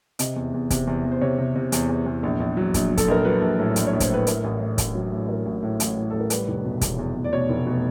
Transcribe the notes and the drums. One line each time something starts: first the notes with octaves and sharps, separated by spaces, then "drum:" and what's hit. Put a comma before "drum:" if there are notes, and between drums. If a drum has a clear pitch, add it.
C3 D#5, drum: hi-hat
E2
E2
C3, drum: kick, hi-hat
E2
E2
C5
C3 C#5
C3
C3
E2, drum: hi-hat
E2
E2
A#1
A#1
F#3
A#1, drum: kick, hi-hat
F#3
A4, drum: kick, hi-hat
A#1 A#4
F#3 B4
A#1
A2
A#1, drum: hi-hat
C#5
A#1
C5, drum: kick, hi-hat
A2 B4
A2 A#4, drum: hi-hat
A1
A2
A1, drum: kick, hi-hat
F#3
A2
A1 A#4
A1
A2
A1, drum: hi-hat
A2
A1 A4
A#4
G3 B4, drum: hi-hat
F1
B2
E2, drum: kick, hi-hat
E2
E2
D5
B2 C#5
F1
B2